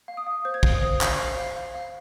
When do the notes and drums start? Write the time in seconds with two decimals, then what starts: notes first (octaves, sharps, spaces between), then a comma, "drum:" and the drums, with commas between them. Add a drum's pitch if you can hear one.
0.08 F5
0.17 D#6
0.27 F5
0.45 C5 G6
0.54 G#6
0.63 F5 G6, drum: kick
0.73 D#6
0.83 C5
1.01 F5, drum: clap
1.19 F5
1.38 F5
1.56 F5
1.75 F5